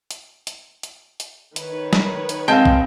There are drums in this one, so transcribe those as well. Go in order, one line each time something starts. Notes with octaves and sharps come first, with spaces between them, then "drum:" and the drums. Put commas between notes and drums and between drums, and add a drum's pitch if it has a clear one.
drum: hi-hat
drum: hi-hat
drum: hi-hat
drum: hi-hat
D#3 B4 C#5, drum: hi-hat
drum: snare
drum: hi-hat
G#3 C4 D#5 F5 G5 A5
drum: kick